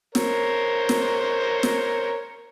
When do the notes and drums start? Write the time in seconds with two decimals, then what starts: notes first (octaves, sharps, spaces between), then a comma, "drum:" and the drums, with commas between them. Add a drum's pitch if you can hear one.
0.15 A#4 C5 C#5, drum: snare
0.89 drum: snare
1.63 drum: snare